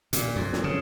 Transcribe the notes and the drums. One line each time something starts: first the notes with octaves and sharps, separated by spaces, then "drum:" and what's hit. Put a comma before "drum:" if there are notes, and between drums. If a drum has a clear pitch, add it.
A#2, drum: hi-hat
F2
drum: snare
C#3